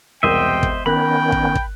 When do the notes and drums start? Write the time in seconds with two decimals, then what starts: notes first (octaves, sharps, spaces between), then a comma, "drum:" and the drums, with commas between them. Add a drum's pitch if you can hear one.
0.23 E1 C2 A#4 C5 D#5 E5 G5
0.63 drum: kick
0.86 D#3 B3 C#4 A#4 G5 B5 F#6
1.32 drum: kick
1.55 drum: kick